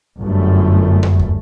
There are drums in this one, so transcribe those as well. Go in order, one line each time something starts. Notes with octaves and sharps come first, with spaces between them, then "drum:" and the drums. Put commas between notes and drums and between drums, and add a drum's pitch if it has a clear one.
G1 F#2 A3
drum: tom F2
drum: kick